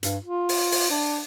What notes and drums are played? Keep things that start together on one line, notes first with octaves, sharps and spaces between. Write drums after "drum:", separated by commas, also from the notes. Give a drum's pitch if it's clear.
G2, drum: hi-hat
F4
drum: open hi-hat
drum: open hi-hat
D4